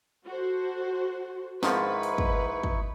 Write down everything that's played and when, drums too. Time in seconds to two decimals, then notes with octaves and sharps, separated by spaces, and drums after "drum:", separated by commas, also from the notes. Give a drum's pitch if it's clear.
0.24 F#4 A4 C5
1.63 G#2 D#3 F3 D#4 E4 B4 C#6, drum: snare
2.03 drum: open hi-hat
2.18 drum: kick
2.64 drum: kick